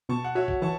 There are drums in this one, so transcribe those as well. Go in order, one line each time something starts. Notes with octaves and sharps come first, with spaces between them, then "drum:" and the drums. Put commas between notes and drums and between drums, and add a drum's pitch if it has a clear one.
B2 A5 C#6
F#5
F#4 C#5 E5
drum: kick A#1
E3 A5 C#6